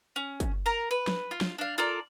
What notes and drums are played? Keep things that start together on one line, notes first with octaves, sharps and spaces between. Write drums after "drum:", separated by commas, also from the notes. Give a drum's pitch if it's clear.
C#4
drum: kick, hi-hat
A#4 A#5
B4
drum: snare
F4
drum: snare
D4 F5
F4 A4 A#4 D5